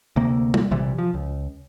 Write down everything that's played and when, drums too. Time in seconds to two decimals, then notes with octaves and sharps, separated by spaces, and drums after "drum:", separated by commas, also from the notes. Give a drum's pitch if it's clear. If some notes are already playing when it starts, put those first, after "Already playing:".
0.16 D2 C3 A#3
0.54 drum: tom
0.71 A#1 C3 E3 G3
0.98 F3
1.14 C#2